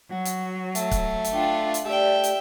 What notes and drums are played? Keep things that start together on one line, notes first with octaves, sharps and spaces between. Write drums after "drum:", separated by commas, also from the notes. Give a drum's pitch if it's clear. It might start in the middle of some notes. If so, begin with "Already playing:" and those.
F#3 F#4
drum: hi-hat
A3, drum: hi-hat
drum: kick C#1, hi-hat
drum: hi-hat
D4 F4 F#5 G5
drum: hi-hat
A3 G4 D5 E5 G5
drum: hi-hat